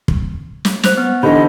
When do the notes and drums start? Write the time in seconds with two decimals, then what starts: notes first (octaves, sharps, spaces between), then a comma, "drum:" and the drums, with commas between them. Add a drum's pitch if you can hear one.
0.08 drum: kick
0.65 drum: snare
0.83 C5 F#6 F7, drum: snare
0.97 B3
1.23 D3 E3 D#4 G4 A4 C5 D#5 B5